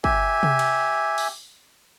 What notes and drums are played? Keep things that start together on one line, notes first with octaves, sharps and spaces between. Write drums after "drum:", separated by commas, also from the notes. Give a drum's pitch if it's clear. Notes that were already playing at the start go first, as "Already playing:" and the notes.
G4 E5 G#5, drum: kick
drum: tom C3
drum: cymbal
drum: open hi-hat